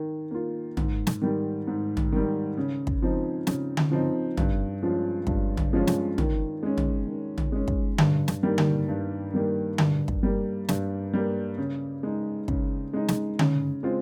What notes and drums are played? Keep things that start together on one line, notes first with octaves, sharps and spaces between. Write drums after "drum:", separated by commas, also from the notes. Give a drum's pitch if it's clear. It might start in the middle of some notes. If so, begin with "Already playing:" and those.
Already playing: D#3
A#3 F4
G#2, drum: tom
drum: snare
D#3 G3
G#2
drum: tom
D#3 G3
C#3
drum: kick
F3 C4 D#4
C#3, drum: snare
drum: tom D3
F3 C4 D#4
G2, drum: tom
F3 G#3 C#4 F4
G2, drum: kick
drum: tom
F3 G#3 C#4 F4
drum: snare
D#3, drum: tom
G#3 C#4
drum: tom
D#3
drum: tom
G#3 C#4
drum: kick
G2, drum: tom D3
drum: snare
D#3 G3 A#3
drum: tom D3
G2
D#3 G3 A#3
G2, drum: tom D3
drum: kick
G3 A#3
G2, drum: snare
G3 A#3
C#3
G#3 D#4
C#3, drum: kick
G#3 D#4
drum: snare
C#3, drum: tom D3
G#3 C4 F4